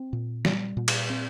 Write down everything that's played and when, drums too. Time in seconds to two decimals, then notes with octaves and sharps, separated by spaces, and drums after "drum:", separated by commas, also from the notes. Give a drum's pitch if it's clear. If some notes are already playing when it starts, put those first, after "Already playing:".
Already playing: C4
0.13 A#2
0.45 G3, drum: snare
0.77 A#2
0.88 drum: cymbal
1.10 C4